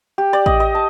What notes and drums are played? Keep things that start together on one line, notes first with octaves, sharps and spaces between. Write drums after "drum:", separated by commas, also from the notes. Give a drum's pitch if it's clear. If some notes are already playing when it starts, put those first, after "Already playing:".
G4
D5
D#5, drum: kick A1
D#5
A5